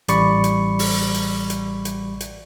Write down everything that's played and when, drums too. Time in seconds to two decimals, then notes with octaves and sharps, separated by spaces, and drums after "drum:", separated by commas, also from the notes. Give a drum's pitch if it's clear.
0.08 A1 G3 D5 B5 C#6 C#7, drum: hi-hat
0.44 drum: hi-hat
0.79 drum: open hi-hat
1.14 drum: hi-hat
1.50 drum: hi-hat
1.85 drum: hi-hat
2.20 drum: hi-hat